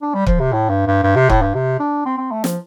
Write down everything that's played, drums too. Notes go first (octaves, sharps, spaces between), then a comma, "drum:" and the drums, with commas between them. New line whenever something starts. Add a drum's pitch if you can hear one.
D4
G3
F3, drum: kick
C3
A2
G2
G2
G2
C3
A2, drum: kick
G2
C3
D4
C4
C4
A3
F3, drum: snare